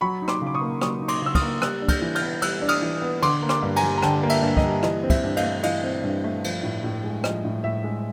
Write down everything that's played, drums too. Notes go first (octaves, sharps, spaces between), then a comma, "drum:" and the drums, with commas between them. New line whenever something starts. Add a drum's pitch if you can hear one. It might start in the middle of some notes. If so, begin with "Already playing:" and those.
F#3 B5 C#6
D#4
C6 D6, drum: rim click
C#3 D6
C#6 D#6
A#3
F#3 C#6 D#6, drum: rim click
D#4
C6 D6, drum: cymbal
C#3 E6
D#6 F6, drum: kick, cymbal
A#3
G3 E6 F#6, drum: rim click
D4
F6 G6, drum: kick, cymbal
E3
F6 G6, drum: cymbal
B3
G3 E6 F#6, drum: cymbal
D4
D#6 F6, drum: cymbal
E3
B3
D3 C6 D6, drum: cymbal
A#3
C6 D6, drum: rim click
G2
G#5 A#5, drum: cymbal
G3
A#5
D3 G5 A5, drum: rim click
A#3
E5, drum: cymbal
G2
D#5, drum: kick
G3
E3 D#5, drum: rim click
C4
E5, drum: kick, cymbal
G2
D#5 F5, drum: cymbal
A3
E3 D#5 F5, drum: cymbal
C4
G2
A3
F3, drum: cymbal
A2
A2
G#3
F3 D#5, drum: rim click
A2
A2 E5
G#3